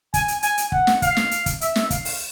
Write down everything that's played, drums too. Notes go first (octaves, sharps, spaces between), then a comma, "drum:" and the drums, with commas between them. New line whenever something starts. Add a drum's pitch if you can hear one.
G#5, drum: kick, hi-hat
drum: hi-hat
G#5, drum: hi-hat
drum: hi-hat
F#5, drum: kick
drum: snare
F5, drum: kick, hi-hat
drum: snare
drum: hi-hat
drum: kick, hi-hat
E5, drum: hi-hat
drum: snare
F5, drum: kick, hi-hat
drum: open hi-hat